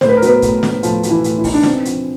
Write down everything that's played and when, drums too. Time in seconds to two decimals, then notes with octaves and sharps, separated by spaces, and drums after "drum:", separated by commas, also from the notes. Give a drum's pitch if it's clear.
0.01 A2 C5, drum: snare
0.09 B4
0.17 A#4
0.22 F#3 B3 B4, drum: hi-hat
0.42 A2, drum: kick, hi-hat
0.63 B3, drum: snare
0.83 A2 F3 F4, drum: hi-hat
1.03 F#3, drum: hi-hat
1.10 E3 E4
1.24 A2, drum: hi-hat
1.38 E4
1.44 B3 D#4, drum: kick, open hi-hat
1.54 D4
1.63 C4 D#4, drum: snare
1.85 F3, drum: hi-hat